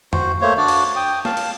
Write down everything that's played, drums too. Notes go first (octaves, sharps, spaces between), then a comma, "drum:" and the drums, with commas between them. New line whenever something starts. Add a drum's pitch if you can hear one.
F#4 C5, drum: tom F2
A3 A#3 C5 C#5
D4 F#4 D5
drum: cymbal
G5 D#6
F5 A5, drum: snare
drum: cymbal